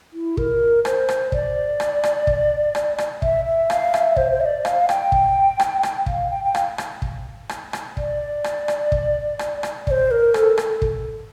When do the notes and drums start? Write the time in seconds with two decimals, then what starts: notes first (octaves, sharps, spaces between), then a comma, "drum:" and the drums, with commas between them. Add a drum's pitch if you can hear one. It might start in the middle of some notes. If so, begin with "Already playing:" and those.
0.13 E4
0.37 A#4, drum: kick
0.85 C5, drum: rim click
1.09 drum: rim click
1.32 D5, drum: kick
1.80 drum: rim click
2.03 drum: rim click
2.27 drum: kick
2.75 drum: rim click
2.98 drum: rim click
3.22 E5, drum: kick
3.45 E5
3.70 F5, drum: rim click
3.94 E5, drum: rim click
4.16 C5, drum: kick
4.32 C5
4.41 E5
4.45 D5
4.65 F5, drum: rim click
4.89 G5, drum: rim click
5.12 drum: kick
5.60 drum: rim click
5.83 drum: rim click
6.06 F5, drum: kick
6.31 G5
6.44 G5
6.55 F5, drum: rim click
6.78 drum: rim click
7.02 drum: kick
7.49 drum: rim click
7.73 drum: rim click
7.97 D5, drum: kick
8.44 drum: rim click
8.68 drum: rim click
8.92 drum: kick
9.39 drum: rim click
9.63 drum: rim click
9.87 D5, drum: kick
9.91 C5
10.11 A#4
10.34 A4, drum: rim click
10.58 A4, drum: rim click
10.82 drum: kick